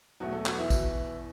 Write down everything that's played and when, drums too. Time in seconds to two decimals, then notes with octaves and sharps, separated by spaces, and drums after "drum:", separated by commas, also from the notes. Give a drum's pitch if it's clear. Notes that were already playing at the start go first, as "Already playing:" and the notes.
0.20 E2 B2 F#3 A3 F#4
0.32 A3 A4
0.46 F#3 F#4, drum: clap
0.58 E3 E4
0.70 drum: kick, tambourine